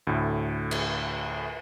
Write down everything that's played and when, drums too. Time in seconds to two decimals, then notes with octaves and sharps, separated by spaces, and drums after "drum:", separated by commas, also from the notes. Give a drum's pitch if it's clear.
0.07 D2 A2
0.71 drum: cymbal